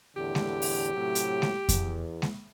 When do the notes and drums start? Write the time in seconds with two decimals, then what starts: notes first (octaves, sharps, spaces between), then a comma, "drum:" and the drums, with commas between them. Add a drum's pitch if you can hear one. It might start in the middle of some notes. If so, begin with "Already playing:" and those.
0.16 E2 A2 D3 G4
0.35 drum: snare G#3
0.62 drum: open hi-hat
0.94 A2 C3 F#3
1.15 drum: hi-hat
1.42 drum: snare G#3
1.69 E2, drum: kick F2, hi-hat
2.22 drum: snare G#3